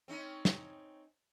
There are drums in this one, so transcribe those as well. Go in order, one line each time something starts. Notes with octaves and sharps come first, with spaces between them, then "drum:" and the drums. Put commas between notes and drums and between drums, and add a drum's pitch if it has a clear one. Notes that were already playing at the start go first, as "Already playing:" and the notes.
C4 C#4 D#4
drum: snare